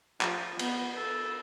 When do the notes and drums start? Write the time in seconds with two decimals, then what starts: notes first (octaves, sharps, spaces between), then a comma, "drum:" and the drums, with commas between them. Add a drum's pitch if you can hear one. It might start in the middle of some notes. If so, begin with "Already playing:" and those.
0.21 F3, drum: clap
0.59 B3, drum: cymbal
0.95 A4